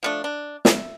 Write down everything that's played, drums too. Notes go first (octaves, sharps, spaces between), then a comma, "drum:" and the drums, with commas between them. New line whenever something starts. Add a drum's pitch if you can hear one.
F3 A3 D4
D4
E5, drum: snare